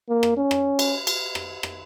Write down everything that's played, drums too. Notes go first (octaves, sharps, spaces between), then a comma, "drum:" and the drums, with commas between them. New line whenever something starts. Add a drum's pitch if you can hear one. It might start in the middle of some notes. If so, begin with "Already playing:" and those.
A#3
drum: rim click
C#4
drum: rim click
drum: cymbal
drum: cymbal
drum: rim click
drum: rim click